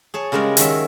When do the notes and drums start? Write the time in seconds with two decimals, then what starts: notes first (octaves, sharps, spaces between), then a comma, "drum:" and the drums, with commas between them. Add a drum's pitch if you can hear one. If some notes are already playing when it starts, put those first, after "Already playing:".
0.14 G#4 C#5 A5
0.32 C#3 G3 G#3 C#4 A#4
0.57 D#3 F#3 E5, drum: hi-hat